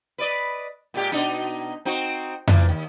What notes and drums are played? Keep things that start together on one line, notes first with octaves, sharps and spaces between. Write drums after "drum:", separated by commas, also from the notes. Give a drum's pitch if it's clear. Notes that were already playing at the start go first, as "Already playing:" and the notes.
B4 D5 D#5
A#2 G#3 G4
B2 D4 D#4, drum: hi-hat
C4 D#4 F#4
A#2 E3, drum: tom F2
D#2